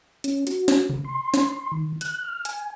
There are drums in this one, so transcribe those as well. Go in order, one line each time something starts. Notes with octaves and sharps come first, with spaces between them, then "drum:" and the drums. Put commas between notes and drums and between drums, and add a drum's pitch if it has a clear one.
C#4, drum: hi-hat
F#4, drum: hi-hat
drum: snare
C#3, drum: tom C3
C6
drum: snare
C6
D#3
F#6, drum: hi-hat
F6
G#5, drum: hi-hat